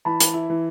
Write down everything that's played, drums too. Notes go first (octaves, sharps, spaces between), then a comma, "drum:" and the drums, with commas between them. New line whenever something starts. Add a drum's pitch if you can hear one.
E3 A5 B5
E3, drum: hi-hat
E4
E3